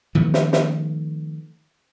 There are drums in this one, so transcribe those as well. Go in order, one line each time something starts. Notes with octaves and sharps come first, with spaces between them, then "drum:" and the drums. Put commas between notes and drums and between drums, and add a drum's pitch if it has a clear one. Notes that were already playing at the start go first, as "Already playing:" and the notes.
D#3 F3 A3 B3
drum: snare
drum: snare